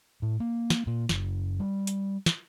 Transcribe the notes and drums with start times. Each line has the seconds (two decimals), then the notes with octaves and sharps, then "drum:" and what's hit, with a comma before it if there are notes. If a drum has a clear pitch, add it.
0.22 A2
0.40 A#3
0.70 drum: snare
0.87 A#2
1.09 F#1, drum: snare
1.60 G3
1.87 drum: hi-hat
2.26 drum: snare